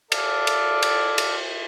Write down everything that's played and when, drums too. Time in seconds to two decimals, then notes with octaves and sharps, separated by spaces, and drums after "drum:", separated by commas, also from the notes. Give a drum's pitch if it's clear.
0.12 A4 D5 F5, drum: cymbal
0.47 drum: cymbal
0.82 drum: cymbal
1.18 drum: cymbal